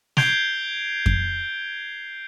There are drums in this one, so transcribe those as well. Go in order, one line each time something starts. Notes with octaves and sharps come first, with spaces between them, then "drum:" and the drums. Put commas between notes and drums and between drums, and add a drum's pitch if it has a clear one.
G6 G#6 C7 D7 F7 G7, drum: snare
drum: kick F2